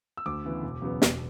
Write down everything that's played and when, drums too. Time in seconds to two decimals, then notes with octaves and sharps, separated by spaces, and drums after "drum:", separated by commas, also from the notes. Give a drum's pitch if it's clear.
0.17 E6
0.26 D2 D6
0.44 C#3 E3 B3
0.63 E1
0.82 E2 C#3 F#3 B3
1.02 E1, drum: snare